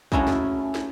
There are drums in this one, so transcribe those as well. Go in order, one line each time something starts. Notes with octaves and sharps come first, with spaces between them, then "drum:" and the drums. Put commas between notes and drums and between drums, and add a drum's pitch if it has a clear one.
A3 A#3 C#4 E4 F#4 G#4, drum: kick
drum: snare
drum: snare